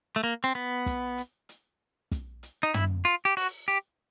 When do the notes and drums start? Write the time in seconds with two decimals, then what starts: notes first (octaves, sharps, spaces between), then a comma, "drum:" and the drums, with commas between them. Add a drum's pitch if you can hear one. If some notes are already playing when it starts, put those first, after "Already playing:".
0.16 A3
0.24 A#3
0.44 C4
0.55 B3
0.86 drum: kick, hi-hat
1.18 drum: hi-hat
1.49 drum: hi-hat
2.12 drum: kick, hi-hat
2.43 drum: hi-hat
2.63 D#4
2.74 E4, drum: tom
3.05 F4, drum: hi-hat
3.25 G4
3.37 F#4, drum: open hi-hat
3.68 G4, drum: hi-hat